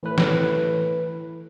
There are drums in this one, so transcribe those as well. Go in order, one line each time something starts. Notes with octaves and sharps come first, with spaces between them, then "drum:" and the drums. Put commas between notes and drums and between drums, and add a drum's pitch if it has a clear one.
A2 E3 B4
drum: snare